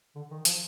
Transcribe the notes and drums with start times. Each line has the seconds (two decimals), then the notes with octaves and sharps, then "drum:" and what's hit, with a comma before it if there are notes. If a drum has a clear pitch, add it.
0.15 D3
0.31 D#3
0.45 F3, drum: hi-hat